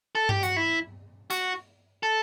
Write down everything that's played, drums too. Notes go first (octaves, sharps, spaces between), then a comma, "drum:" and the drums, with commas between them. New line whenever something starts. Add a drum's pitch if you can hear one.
A4
G4, drum: tom G2
F#4, drum: hi-hat
E4
F#4, drum: hi-hat
A4